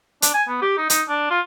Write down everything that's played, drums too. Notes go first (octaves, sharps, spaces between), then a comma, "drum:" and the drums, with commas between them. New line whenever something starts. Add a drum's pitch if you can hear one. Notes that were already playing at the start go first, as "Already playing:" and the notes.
D4, drum: hi-hat
G#5
B3
G4
D#4
D#4, drum: hi-hat
D4
F4